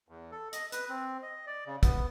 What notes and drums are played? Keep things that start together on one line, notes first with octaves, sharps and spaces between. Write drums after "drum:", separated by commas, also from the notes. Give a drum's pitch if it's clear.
E2
A4
D#5, drum: hi-hat
B4, drum: hi-hat
C4
D#5
D5
C#3
B3, drum: kick, hi-hat